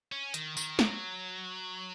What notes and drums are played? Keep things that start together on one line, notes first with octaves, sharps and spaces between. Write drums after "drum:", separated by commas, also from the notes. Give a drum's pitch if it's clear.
C#4
D#3, drum: hi-hat
D#3, drum: tambourine
F#3, drum: snare